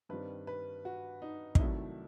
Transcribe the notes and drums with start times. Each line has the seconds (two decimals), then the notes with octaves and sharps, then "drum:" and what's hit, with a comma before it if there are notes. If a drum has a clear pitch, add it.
0.09 G2 D#3 G3 C4 B4
0.47 B4
0.85 F#4
1.22 D#4
1.55 D#4, drum: kick
1.59 C2 C3 D#3 F#3 A3 E4